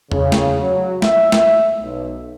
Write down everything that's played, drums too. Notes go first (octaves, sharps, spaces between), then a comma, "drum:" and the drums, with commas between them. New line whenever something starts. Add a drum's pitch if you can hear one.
C#3, drum: tom E2
drum: snare
F#3
E5, drum: snare
drum: snare
B1